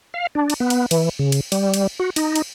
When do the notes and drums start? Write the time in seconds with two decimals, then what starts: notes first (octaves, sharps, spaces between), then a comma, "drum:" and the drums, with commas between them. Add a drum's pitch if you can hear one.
0.14 F5
0.35 D4
0.50 drum: cymbal
0.60 B3
0.70 drum: cymbal
0.91 E3, drum: cymbal
1.19 C#3
1.32 drum: cymbal
1.52 G3, drum: cymbal
1.74 drum: cymbal
2.00 F#4
2.16 D#4, drum: cymbal
2.36 drum: cymbal